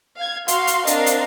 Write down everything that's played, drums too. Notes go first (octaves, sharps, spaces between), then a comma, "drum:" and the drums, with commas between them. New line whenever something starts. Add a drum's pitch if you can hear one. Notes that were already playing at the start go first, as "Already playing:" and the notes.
F5 G#6
F#4 F5 C6, drum: hi-hat
drum: hi-hat
C4 D4 A#4 D#5 F5, drum: hi-hat
drum: hi-hat